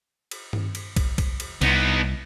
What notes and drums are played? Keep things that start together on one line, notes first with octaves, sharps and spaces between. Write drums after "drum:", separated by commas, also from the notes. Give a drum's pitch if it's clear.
drum: cymbal
drum: tom G2
drum: cymbal
drum: kick, cymbal
drum: kick, cymbal
drum: cymbal
C2 B3 D#4, drum: cymbal